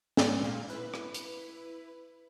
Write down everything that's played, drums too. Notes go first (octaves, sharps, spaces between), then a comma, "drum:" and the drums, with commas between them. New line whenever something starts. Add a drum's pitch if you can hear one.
G#2, drum: snare
A#2 F5
E4 B4
drum: rim click
drum: hi-hat